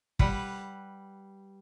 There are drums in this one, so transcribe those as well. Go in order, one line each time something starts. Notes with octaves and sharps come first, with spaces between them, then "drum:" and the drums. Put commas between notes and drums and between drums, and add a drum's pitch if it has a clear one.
G3 B4 F#5, drum: kick